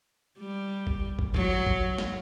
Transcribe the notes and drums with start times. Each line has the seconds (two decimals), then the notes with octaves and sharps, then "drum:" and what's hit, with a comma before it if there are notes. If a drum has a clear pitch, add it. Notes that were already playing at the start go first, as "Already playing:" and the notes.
0.39 G3
0.87 drum: kick
1.19 drum: kick
1.34 F#3, drum: kick
1.67 drum: kick
1.98 drum: snare